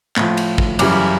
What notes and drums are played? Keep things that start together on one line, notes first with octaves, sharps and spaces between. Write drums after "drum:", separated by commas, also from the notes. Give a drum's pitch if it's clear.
A2 F3, drum: clap
drum: cymbal
drum: kick
F#2 C#3 E3 G3 D6, drum: cymbal